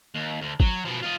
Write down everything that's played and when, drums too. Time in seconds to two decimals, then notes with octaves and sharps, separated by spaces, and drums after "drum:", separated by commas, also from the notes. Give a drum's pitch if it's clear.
0.15 D#2
0.41 D2
0.60 F#3, drum: kick
0.85 B2 F3
1.02 F4 D#5